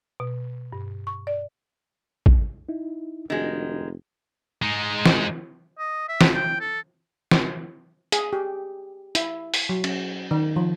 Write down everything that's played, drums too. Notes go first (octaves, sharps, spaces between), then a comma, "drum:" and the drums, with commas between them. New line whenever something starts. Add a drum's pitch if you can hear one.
B2
G2
C#6
D5
drum: kick
D#4 E4
F1 D#3 G#3 D4 F#4
G#3 D#4
drum: snare
D#5
E5
drum: snare
G5
A4
drum: snare
G#4, drum: hi-hat
G4
E4, drum: hi-hat
drum: open hi-hat
F#3
C#4, drum: cymbal
D#3
F3